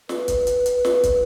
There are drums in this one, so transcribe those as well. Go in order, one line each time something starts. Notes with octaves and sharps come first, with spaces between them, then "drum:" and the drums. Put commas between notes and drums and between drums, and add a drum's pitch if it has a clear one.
B4, drum: snare
drum: kick, hi-hat
drum: hi-hat
drum: hi-hat
drum: snare
drum: kick, hi-hat